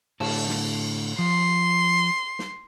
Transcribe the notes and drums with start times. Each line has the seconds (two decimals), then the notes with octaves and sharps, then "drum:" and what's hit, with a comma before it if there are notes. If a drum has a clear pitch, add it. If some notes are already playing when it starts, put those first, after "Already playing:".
0.20 A2 D3 A5, drum: cymbal
0.48 drum: snare
1.19 F3 C6
2.39 drum: snare